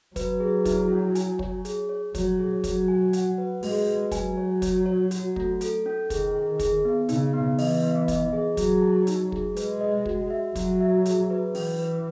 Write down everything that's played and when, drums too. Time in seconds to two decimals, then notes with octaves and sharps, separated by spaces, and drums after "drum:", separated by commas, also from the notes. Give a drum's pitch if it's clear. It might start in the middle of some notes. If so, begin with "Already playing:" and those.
0.16 F#3 B4, drum: kick, hi-hat
0.40 G#4
0.65 E4, drum: kick, hi-hat
0.90 C#4
1.15 G#5, drum: hi-hat
1.39 C#5, drum: kick
1.65 G#4, drum: hi-hat
1.89 C#5
2.15 F#3 C#5, drum: kick, hi-hat
2.39 G#4
2.64 F#3 C#5, drum: kick, hi-hat
2.88 G#5
3.13 F#5, drum: hi-hat
3.38 B4
3.63 G#3 F#4, drum: open hi-hat
3.87 B4
4.11 F#3 G#5, drum: kick, hi-hat
4.37 C#5
4.62 C#5, drum: kick, hi-hat
4.86 C#5
5.11 F#4, drum: hi-hat
5.36 A3, drum: kick
5.61 A4, drum: hi-hat
5.86 C#4
6.10 D#3 G#4, drum: kick, hi-hat
6.35 G#4
6.59 G#4, drum: kick, hi-hat
6.85 B3
7.09 C#3 D#4, drum: hi-hat
7.34 B3
7.58 E3 D#5, drum: open hi-hat
7.83 B3
8.08 D#5, drum: kick, hi-hat
8.33 G#4
8.57 F#3 G#4, drum: kick, hi-hat
8.82 A5
9.07 D#4, drum: hi-hat
9.32 G#4, drum: kick
9.56 G#3 B4, drum: hi-hat
9.81 D#5
10.06 F#4, drum: kick
10.30 E5
10.56 F#3 F#4, drum: kick, hi-hat
10.81 E5
11.05 G#4, drum: hi-hat
11.30 B4
11.55 E3 C#4, drum: open hi-hat
11.79 B4